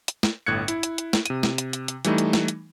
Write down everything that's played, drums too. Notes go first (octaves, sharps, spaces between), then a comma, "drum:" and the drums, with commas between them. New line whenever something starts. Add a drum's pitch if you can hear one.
drum: hi-hat
drum: snare
G1 A2 F#6 G#6 C#7
E4, drum: hi-hat
drum: hi-hat
drum: hi-hat
drum: snare
C3 D#7, drum: hi-hat
drum: snare
drum: hi-hat
drum: hi-hat
drum: hi-hat
E3 G3 A3 D#4, drum: hi-hat
drum: hi-hat
drum: snare
drum: hi-hat